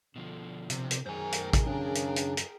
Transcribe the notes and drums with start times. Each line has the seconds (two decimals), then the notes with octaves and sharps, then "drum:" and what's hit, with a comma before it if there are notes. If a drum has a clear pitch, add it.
0.16 B2 D3 F3
0.70 C3, drum: hi-hat
0.91 drum: hi-hat
1.06 F#2 D#3 G#4 A#4 C5 G5 G#5
1.32 drum: hi-hat
1.53 drum: kick, hi-hat
1.67 C#3 D4
1.95 drum: hi-hat
2.16 drum: hi-hat
2.37 drum: hi-hat